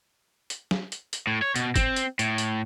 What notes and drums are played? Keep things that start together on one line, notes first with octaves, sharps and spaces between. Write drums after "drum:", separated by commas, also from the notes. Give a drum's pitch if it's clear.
drum: hi-hat
drum: snare
drum: hi-hat
drum: hi-hat
A2
C#5
B2, drum: hi-hat
C4, drum: kick, hi-hat
drum: hi-hat
A2, drum: hi-hat
drum: hi-hat